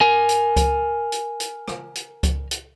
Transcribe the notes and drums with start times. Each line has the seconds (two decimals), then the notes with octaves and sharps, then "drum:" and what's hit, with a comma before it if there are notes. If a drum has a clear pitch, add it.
0.01 A#4 G#5
0.29 drum: hi-hat
0.56 drum: kick C#2, hi-hat
1.12 drum: hi-hat
1.40 drum: hi-hat
1.68 drum: rim click
1.95 drum: hi-hat
2.23 drum: kick C#2, hi-hat
2.51 drum: hi-hat